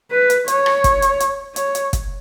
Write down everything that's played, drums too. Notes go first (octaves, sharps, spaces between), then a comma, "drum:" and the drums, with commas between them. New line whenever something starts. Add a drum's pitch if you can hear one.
B4
drum: hi-hat
C#5, drum: hi-hat
drum: rim click
drum: kick, hi-hat
drum: hi-hat
drum: hi-hat
C#5, drum: hi-hat
drum: hi-hat
drum: kick, hi-hat